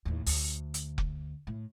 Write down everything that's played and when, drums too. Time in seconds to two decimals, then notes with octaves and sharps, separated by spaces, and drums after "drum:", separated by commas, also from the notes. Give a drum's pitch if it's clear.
0.05 D#2 A2
0.26 D2, drum: open hi-hat
0.74 drum: hi-hat
0.98 drum: kick F1
1.47 A2